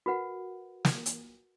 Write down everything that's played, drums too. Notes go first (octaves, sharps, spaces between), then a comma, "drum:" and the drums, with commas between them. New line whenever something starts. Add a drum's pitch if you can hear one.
F#4 A#4 B4 F#5
drum: snare
drum: hi-hat